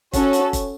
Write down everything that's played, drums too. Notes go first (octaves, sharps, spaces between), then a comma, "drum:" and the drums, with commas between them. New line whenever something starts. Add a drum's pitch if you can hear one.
C#4 F#4 A4, drum: kick, hi-hat
drum: hi-hat
drum: kick, hi-hat